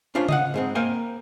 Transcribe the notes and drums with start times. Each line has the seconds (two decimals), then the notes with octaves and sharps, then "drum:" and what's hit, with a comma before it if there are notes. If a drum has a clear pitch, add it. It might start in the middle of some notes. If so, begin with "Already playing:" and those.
0.15 C#4 D4 F4 C5
0.29 D#5 F5 F#5, drum: tom C#3
0.54 G#2 G#3 C4
0.75 A#3 A#4 C5 F5 G5 G#5